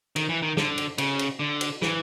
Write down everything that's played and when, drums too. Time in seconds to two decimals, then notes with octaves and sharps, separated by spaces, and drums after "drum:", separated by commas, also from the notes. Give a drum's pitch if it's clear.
0.16 D#3, drum: cymbal
0.29 E3
0.42 D#3
0.57 D3, drum: snare
0.78 drum: cymbal
0.98 C#3, drum: cymbal
1.19 drum: cymbal
1.39 D3
1.61 drum: cymbal
1.82 E3, drum: snare